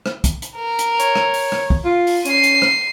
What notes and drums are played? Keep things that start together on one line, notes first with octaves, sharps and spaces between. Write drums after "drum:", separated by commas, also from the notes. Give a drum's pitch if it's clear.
drum: rim click
drum: kick, hi-hat
drum: hi-hat
A#4
drum: hi-hat
C#5, drum: hi-hat
drum: rim click
drum: open hi-hat
drum: rim click
drum: kick
F4
drum: open hi-hat
C#4 C7 D#7, drum: hi-hat
drum: hi-hat
drum: rim click